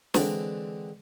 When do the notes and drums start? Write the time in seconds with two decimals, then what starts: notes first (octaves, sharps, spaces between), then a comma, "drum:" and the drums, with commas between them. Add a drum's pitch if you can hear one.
0.14 D3 E3 G#3 C4 D4, drum: snare